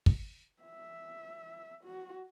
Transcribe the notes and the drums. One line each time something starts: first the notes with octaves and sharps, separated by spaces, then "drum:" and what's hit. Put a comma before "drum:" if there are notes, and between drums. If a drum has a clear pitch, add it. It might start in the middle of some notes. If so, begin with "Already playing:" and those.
drum: kick
E5
F#4